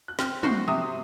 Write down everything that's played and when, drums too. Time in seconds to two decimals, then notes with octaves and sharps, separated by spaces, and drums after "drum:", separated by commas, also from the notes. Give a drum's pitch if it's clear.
0.08 F#6
0.19 C4 F6, drum: snare
0.43 F#4 C5 D#5 F#6, drum: tom
0.68 C3 D#6